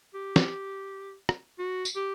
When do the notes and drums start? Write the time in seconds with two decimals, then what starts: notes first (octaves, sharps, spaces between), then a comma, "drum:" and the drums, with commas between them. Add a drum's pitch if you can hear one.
0.14 G4
0.36 drum: snare
1.29 drum: rim click
1.59 F#4
1.85 drum: tambourine
1.96 G4